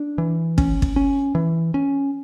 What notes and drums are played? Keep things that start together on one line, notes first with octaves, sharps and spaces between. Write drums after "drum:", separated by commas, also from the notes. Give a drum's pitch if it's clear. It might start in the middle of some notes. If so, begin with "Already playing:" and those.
Already playing: D4
E3
C#4, drum: kick
drum: kick
C#4
E3
C#4